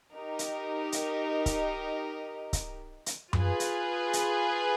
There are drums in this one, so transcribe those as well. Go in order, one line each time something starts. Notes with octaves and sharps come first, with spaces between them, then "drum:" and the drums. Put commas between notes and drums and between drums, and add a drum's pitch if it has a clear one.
D#4 G4 A#4 D#5
drum: hi-hat
drum: hi-hat
drum: kick C#1, hi-hat
drum: kick C#1, hi-hat
drum: hi-hat
F4 G#4 B4, drum: tom F#2
drum: hi-hat
drum: hi-hat